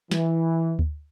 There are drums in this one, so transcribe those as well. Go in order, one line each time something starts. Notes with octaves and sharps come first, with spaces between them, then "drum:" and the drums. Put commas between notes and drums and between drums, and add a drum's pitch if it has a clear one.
E3, drum: snare
drum: kick D2